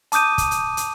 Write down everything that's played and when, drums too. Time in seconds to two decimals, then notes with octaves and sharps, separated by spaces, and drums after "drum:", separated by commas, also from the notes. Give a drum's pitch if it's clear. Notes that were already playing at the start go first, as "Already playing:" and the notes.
0.12 A5 D6 D#6 G6 D#7, drum: hi-hat
0.38 drum: kick, hi-hat
0.51 drum: hi-hat
0.77 drum: hi-hat